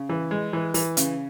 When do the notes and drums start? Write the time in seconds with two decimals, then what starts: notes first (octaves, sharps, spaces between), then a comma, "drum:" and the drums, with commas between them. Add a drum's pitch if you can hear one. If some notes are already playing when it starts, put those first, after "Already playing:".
Already playing: C#3
0.09 E3
0.31 G#3
0.53 E3
0.74 E3, drum: open hi-hat
0.97 C#3, drum: hi-hat